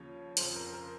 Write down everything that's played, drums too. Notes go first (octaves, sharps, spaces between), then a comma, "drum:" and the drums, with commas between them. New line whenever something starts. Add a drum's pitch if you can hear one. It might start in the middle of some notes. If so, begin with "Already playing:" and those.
Already playing: D#2 C#3 F3 C#5
F2 C#3 F3 C5, drum: hi-hat
A#4
A#4